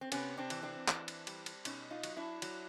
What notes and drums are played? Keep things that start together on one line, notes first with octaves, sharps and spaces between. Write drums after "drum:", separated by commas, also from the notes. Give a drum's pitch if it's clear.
C4
C3 B3 C#4, drum: cymbal
C4 D4
E3, drum: cymbal
C4 D4
E3 C4 D4, drum: clap
drum: cymbal
G3, drum: cymbal
drum: cymbal
B2 C#4 D#4, drum: cymbal
D#4 F4
F#3, drum: cymbal
D4 E4
F#3, drum: cymbal